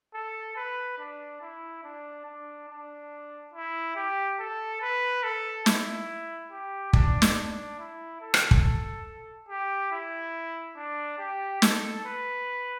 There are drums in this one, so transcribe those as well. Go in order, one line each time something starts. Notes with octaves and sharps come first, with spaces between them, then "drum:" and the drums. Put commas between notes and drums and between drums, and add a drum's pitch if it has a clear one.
A4
B4
D4
E4
D4
D4
D4
E4
G4
A4
B4
A4
E4, drum: snare
G4
D4, drum: kick
drum: snare
D4
E4
A4
drum: rim click
drum: kick
G4
E4
D4
G4
A4, drum: snare
B4